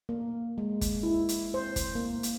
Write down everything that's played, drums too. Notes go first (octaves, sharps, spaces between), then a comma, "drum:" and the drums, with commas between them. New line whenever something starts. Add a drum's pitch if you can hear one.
A#3
G#3
drum: kick, hi-hat
E4
drum: hi-hat
C5
drum: kick, hi-hat
A#3
drum: hi-hat